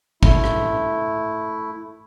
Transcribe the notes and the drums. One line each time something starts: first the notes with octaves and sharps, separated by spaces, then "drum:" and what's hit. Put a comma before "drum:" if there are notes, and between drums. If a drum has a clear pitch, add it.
A3 E4, drum: kick
drum: rim click